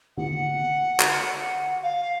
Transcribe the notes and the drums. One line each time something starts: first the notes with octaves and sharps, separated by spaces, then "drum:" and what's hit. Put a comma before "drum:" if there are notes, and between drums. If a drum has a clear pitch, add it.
F#5, drum: tom D3
drum: clap
F5